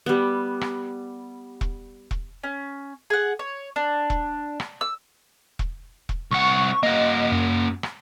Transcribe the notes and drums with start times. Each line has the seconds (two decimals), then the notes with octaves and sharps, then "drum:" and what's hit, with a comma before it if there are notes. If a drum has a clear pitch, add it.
0.06 G3 B3
0.61 drum: rim click
1.61 drum: kick E1
2.11 drum: kick E1
2.44 C#4
3.10 G#4 F#5
3.39 C#5
3.76 D4
4.10 drum: kick E1
4.60 drum: rim click
4.81 E6
5.59 drum: kick E1
6.09 drum: kick E1
6.31 C2 F#5 C#6
6.83 A#3 F#4 D#5
7.32 F#2
7.83 drum: rim click